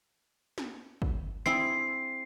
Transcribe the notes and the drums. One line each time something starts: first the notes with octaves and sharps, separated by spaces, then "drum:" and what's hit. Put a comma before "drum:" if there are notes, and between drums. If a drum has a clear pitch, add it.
drum: snare
drum: kick
C4 E4 G#4 C7